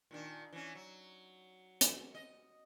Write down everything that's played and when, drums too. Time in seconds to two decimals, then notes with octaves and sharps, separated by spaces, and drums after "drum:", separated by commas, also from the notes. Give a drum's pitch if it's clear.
0.11 A#2 D#3 D4
0.52 E3 C#4
0.75 F#3
1.81 drum: hi-hat
2.15 D#5